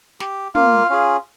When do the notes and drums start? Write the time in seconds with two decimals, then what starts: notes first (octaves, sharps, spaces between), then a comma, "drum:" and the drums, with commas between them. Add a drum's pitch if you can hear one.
0.20 G4, drum: snare
0.55 A#3 F4 F5, drum: tom
0.90 C#4 F4 G#4